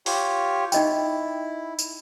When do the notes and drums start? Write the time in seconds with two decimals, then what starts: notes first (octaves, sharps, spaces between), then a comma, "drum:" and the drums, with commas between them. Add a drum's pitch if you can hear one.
0.06 F4 G4 C#5, drum: open hi-hat
0.72 D#4 E4 D#5 G5, drum: tambourine
1.79 drum: tambourine